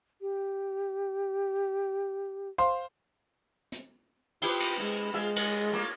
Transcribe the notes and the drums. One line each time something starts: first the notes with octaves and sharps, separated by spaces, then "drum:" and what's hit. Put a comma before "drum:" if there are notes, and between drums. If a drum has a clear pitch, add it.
G4
C5 F5 C6
drum: hi-hat
E4 F4 G4 B4, drum: cymbal
drum: cymbal
G#3 E4
G#3 F4 G#4 E5
G#4, drum: cymbal
A3 A#3 F4